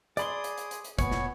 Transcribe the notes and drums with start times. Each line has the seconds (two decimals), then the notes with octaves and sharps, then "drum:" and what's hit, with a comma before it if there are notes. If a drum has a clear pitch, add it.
0.17 G#4 D5 B5 C6 D#6, drum: hi-hat
0.44 drum: hi-hat
0.58 drum: hi-hat
0.71 drum: hi-hat
0.84 drum: hi-hat
0.99 F1 A#2 B3 C#5 G#5, drum: kick, hi-hat
1.11 drum: snare